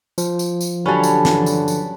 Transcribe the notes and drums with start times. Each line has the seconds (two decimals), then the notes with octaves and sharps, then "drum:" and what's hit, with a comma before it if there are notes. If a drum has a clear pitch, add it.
0.18 F3, drum: tambourine
0.39 drum: tambourine
0.61 drum: tambourine
0.86 D3 F#3 G3 C#4 B4 A5
1.04 drum: tambourine
1.25 drum: snare
1.46 drum: tambourine
1.68 drum: tambourine